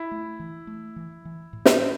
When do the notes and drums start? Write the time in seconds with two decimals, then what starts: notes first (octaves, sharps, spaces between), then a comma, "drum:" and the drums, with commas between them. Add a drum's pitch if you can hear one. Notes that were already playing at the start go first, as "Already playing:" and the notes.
Already playing: E4
0.11 A3
0.40 E3
0.67 A3
0.96 E3
1.25 E3
1.53 A2
1.65 drum: snare